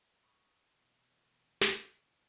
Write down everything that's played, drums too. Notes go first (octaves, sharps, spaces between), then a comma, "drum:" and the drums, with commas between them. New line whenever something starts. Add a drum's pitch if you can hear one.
B5 C#6 D#6
B2 E3
G5, drum: snare